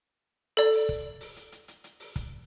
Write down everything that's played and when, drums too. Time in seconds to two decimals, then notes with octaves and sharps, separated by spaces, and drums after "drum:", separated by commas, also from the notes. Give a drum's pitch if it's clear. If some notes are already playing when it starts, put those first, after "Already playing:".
0.57 A4 D5, drum: hi-hat
0.73 drum: open hi-hat
0.89 drum: kick
1.21 drum: open hi-hat
1.36 drum: hi-hat
1.52 drum: hi-hat
1.68 drum: hi-hat
1.84 drum: hi-hat
2.00 drum: open hi-hat
2.16 drum: kick, hi-hat